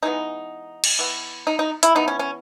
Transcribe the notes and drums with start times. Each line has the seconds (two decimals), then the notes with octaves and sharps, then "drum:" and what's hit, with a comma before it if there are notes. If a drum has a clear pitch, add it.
0.03 E3 G#3 B3 D#4
0.84 drum: cymbal
0.99 E3 B3
1.47 D#4
1.59 D#4
1.83 E4, drum: hi-hat
1.95 E3 B3 D#4
2.08 C#4
2.19 C#4